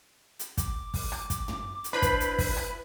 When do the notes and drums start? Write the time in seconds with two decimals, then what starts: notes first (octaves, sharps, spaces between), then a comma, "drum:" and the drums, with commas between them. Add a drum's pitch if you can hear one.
0.39 drum: hi-hat
0.57 D6, drum: kick, hi-hat
0.94 drum: kick, open hi-hat
1.12 drum: rim click
1.30 drum: kick, hi-hat
1.48 drum: tom
1.84 drum: hi-hat
1.93 D4 E4 B4 C5 B5
2.02 drum: kick, hi-hat
2.20 drum: hi-hat
2.38 drum: kick, open hi-hat
2.57 drum: rim click